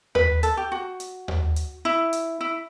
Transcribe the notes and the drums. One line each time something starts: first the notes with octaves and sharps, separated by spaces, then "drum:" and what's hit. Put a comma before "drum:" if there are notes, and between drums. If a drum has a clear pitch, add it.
B4, drum: tom D#2
A4, drum: hi-hat
G4
F#4
drum: hi-hat
drum: tom D#2
drum: hi-hat
E4
drum: hi-hat
E4